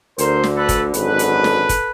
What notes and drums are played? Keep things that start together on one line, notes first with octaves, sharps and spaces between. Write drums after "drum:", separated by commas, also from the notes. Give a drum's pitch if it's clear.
D2 D3 A#4 C5, drum: hi-hat
drum: snare
A4 B4
drum: kick, hi-hat
G#1 F#2 D3 A4 B4, drum: hi-hat
drum: hi-hat
drum: snare
drum: kick, hi-hat